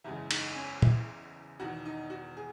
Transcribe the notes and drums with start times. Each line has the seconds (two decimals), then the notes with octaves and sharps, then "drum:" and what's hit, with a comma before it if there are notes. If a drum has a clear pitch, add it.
0.04 F#1 E2 C#3 G#3 E4
0.31 D#4, drum: cymbal
0.56 C#4
0.82 E4, drum: tom
1.60 E1 E2 D#3 F#4
1.85 D#4
2.10 F#4
2.37 G#4